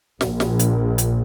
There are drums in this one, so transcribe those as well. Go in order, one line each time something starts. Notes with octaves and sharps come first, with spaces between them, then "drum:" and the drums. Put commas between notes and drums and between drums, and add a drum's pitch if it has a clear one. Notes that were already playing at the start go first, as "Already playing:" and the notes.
A#1, drum: snare
drum: snare
drum: hi-hat
drum: hi-hat